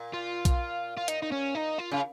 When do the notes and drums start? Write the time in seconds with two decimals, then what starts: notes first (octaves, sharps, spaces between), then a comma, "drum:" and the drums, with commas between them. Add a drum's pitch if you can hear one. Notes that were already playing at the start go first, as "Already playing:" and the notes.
Already playing: A#2
0.13 F4
0.45 drum: kick, hi-hat
0.97 F4
1.08 D#4, drum: hi-hat
1.22 D#4
1.32 C#4
1.55 D#4
1.78 F4
1.91 C#3 F4